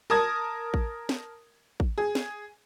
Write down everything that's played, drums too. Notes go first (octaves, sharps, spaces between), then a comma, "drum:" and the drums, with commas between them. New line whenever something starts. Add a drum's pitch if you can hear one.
A#4 A5 D#6 G#6
drum: kick
drum: snare
drum: kick
G#4
drum: snare